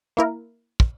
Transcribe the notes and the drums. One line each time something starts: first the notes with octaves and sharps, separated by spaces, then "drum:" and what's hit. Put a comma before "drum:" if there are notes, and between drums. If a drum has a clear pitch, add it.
A#3 E4 A#4
drum: kick